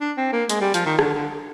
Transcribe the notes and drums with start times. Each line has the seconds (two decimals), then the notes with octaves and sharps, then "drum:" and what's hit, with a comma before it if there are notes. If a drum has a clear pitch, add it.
0.01 D4
0.17 C4
0.33 A#3
0.49 G#3, drum: hi-hat
0.61 G3
0.74 F3, drum: hi-hat
0.86 D#3
0.99 D3, drum: rim click
1.15 D3